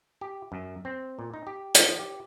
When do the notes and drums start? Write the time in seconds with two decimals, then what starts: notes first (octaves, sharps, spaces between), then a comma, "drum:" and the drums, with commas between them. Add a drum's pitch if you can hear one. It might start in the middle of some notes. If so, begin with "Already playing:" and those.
0.21 G4
0.52 F#2
0.85 C4
1.19 A#2
1.34 D#4
1.47 G4
1.75 F3, drum: hi-hat
1.99 G4